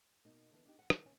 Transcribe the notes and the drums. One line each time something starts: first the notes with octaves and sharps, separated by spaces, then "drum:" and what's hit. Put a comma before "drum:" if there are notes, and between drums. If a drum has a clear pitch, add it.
B2 A#3 D#4
D3 E3 B3
D4 D#4 G4
F2 F#5
D#3 E4 A4, drum: rim click
D#2 C3 C#4 C#5 D5 G#5